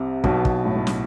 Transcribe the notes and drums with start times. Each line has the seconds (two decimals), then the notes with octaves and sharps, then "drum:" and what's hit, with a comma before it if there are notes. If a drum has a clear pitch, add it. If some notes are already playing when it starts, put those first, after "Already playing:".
Already playing: C2 C3
0.24 B1 B2, drum: kick
0.45 drum: kick
0.65 A2
0.76 A2
0.87 drum: snare